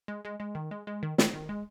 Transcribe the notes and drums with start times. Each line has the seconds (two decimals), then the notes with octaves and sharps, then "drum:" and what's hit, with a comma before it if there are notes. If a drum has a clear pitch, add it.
0.08 G#3
0.25 G#3
0.40 G#3
0.55 D#3
0.71 G#3
0.87 G#3
1.03 D#3
1.18 D#3, drum: snare
1.33 D#3
1.49 G#3